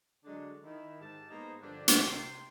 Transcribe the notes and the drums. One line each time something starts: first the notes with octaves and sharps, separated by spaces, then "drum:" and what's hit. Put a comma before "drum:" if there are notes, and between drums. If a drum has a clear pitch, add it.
D3 F#3 G#3 D4
D#3 E4
G#2 G4 A5
G#2 A#3 B3 D#4 C5 A#5
G2 D3 F3 D4
drum: hi-hat
C3 G5 C6